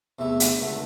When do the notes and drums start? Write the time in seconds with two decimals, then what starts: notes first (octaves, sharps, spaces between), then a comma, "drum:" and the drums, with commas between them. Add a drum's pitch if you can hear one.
0.19 E2 C3 A3 E4
0.40 drum: hi-hat
0.61 C#2 D3 A3